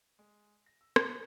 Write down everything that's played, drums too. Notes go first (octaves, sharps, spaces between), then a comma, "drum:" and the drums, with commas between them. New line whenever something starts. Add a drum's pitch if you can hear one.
G#3
A#6
E6
D#6, drum: rim click
A#4